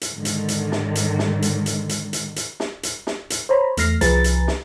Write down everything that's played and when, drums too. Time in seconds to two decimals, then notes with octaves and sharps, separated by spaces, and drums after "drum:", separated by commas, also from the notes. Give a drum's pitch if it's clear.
0.01 drum: hi-hat
0.14 G#2 D3 D#3
0.25 drum: hi-hat
0.48 drum: hi-hat
0.72 drum: snare
0.95 drum: hi-hat
1.19 drum: snare
1.42 drum: hi-hat
1.66 drum: hi-hat
1.89 drum: hi-hat
2.13 drum: hi-hat
2.36 drum: hi-hat
2.60 drum: snare
2.83 drum: hi-hat
3.07 drum: snare
3.30 drum: hi-hat
3.49 C5 C#5 A#5 B5
3.77 E2 A3 F6 A#6 C7, drum: hi-hat
4.01 C2 F3 G#4 B4 A#5 A6, drum: hi-hat
4.24 drum: hi-hat
4.48 drum: snare